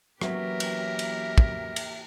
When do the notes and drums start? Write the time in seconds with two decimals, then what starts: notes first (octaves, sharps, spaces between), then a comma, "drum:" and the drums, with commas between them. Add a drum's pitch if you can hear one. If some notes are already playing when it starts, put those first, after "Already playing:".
0.21 E3 F#3 A#3 B3 C#4 G4 A#4 E5, drum: rim click
0.60 drum: cymbal
0.99 drum: cymbal
1.38 drum: kick
1.76 drum: cymbal